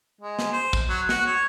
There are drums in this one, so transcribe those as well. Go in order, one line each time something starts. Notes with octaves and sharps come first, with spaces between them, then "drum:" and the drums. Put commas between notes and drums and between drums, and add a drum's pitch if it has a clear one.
G#3
drum: snare
C5
drum: kick, tambourine
F#3
F#4, drum: snare
C#5